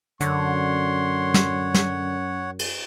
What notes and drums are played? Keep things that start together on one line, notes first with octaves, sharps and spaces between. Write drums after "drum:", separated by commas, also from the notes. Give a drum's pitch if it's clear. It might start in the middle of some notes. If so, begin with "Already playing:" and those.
F#2 D3 C#5 F#5 C6, drum: hi-hat
drum: snare
drum: snare
drum: cymbal